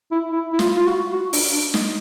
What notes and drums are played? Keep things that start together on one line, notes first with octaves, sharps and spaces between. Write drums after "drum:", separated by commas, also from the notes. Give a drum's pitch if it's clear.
E4
E4
E4
F4, drum: snare
F4
F#4
F#4
D4, drum: open hi-hat
D4
D#4, drum: snare